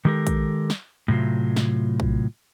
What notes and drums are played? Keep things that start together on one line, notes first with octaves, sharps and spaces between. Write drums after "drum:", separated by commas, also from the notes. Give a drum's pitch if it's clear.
D#3 G#3 G4 A4 A#4
drum: kick A#1, hi-hat
drum: snare
A2 C3 F#3 F4
drum: snare
drum: kick A#1